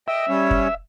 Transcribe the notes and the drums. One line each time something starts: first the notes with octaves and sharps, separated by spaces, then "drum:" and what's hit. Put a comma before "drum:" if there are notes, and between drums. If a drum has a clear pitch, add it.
D#5 E5 G5
G3 C#4 C#5
drum: kick